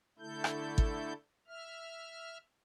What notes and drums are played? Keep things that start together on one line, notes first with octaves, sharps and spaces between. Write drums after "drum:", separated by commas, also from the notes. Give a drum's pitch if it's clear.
D3 A3 E4 A4 G6
drum: rim click
drum: kick
E5 F6